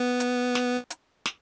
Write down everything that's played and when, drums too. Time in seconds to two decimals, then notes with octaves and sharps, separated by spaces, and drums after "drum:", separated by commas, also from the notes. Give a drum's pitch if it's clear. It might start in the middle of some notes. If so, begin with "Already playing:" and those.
Already playing: B3
0.20 drum: hi-hat
0.55 drum: snare
0.90 drum: hi-hat
1.26 drum: snare